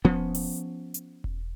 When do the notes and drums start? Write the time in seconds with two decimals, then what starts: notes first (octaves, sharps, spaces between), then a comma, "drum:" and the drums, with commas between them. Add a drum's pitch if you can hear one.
0.05 F3 B3 C#4, drum: kick E1
0.35 drum: open hi-hat
0.94 drum: hi-hat
1.24 drum: kick E1